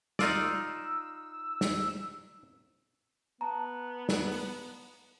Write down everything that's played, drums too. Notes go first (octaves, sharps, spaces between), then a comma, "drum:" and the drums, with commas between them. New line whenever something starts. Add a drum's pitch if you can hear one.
D#4 F4 D5 E6, drum: snare
drum: snare
B3 A5 A#5
drum: snare
drum: open hi-hat